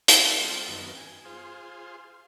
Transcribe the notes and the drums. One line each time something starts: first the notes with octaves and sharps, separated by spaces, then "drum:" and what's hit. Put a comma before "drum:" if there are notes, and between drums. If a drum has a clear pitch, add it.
C4 F#4 G#4 A4 E5, drum: hi-hat
G3 C4 F4 A4
F#2 D#3 B3
G#5
F4 G#4 C5